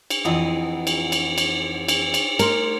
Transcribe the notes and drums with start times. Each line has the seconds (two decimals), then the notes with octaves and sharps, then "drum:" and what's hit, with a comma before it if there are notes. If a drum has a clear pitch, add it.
0.10 drum: cymbal
0.25 F2 E3 E4 F4 D#5 F#5
0.87 drum: cymbal
1.12 drum: cymbal
1.38 drum: cymbal
1.88 drum: cymbal
2.14 drum: cymbal
2.39 A3 A#4 C6, drum: cymbal